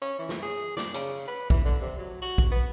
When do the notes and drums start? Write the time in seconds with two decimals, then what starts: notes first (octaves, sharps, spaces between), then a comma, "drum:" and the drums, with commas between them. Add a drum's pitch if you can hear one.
0.02 C#4
0.19 E3
0.29 drum: snare
0.43 G#4
0.77 D5, drum: snare
0.94 C#3, drum: hi-hat
1.28 B4
1.50 E3, drum: kick
1.65 D3
1.81 C3
1.98 F#3
2.22 F#4
2.38 drum: kick
2.51 B3